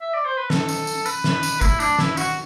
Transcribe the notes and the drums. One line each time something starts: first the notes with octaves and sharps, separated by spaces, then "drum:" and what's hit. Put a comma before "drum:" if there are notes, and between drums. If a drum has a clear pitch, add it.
E5
D5
C5
B4
A4, drum: snare
drum: tambourine
drum: tambourine
B4, drum: tambourine
drum: snare
drum: tambourine
E4, drum: kick F#1, tambourine
D4, drum: tambourine
E4, drum: snare
F#4, drum: tambourine